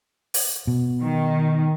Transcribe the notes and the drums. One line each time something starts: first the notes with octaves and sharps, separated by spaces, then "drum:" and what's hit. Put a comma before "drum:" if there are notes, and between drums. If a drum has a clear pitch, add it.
drum: open hi-hat
B2
D#3